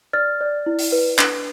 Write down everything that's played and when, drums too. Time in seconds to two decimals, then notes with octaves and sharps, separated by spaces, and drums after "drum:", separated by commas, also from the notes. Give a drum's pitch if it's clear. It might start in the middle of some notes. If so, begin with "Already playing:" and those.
0.13 D5 F6 A6
0.41 D5
0.66 E4
0.79 drum: open hi-hat
0.92 B4
1.19 D4, drum: clap